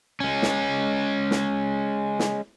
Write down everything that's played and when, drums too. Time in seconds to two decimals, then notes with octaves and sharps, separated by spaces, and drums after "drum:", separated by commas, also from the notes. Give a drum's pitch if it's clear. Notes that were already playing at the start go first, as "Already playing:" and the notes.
0.20 G#3 C#4
0.43 drum: snare
1.31 drum: snare
2.19 drum: snare